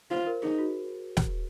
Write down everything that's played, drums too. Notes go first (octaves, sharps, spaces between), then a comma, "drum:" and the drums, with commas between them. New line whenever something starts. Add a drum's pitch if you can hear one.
F4 C5
A#4
D#4 G#4
F#4
drum: snare